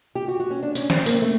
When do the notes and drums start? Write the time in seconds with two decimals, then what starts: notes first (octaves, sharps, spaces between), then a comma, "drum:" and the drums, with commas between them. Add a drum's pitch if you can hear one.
0.15 G4
0.28 F#4
0.40 F#4
0.51 C#4
0.63 D4
0.75 C#4, drum: tambourine
0.90 C4, drum: snare
1.06 A#3, drum: tambourine
1.22 A3